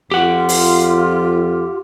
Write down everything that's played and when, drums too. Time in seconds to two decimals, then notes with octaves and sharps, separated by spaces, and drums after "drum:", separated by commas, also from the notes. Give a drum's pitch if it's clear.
0.11 F2 F4 G4 F#5
0.49 drum: open hi-hat